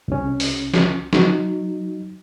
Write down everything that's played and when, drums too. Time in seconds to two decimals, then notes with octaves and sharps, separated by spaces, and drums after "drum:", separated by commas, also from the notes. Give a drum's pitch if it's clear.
0.08 C2 C#4
0.40 drum: open hi-hat
0.74 drum: snare
1.13 F#3 D#4, drum: snare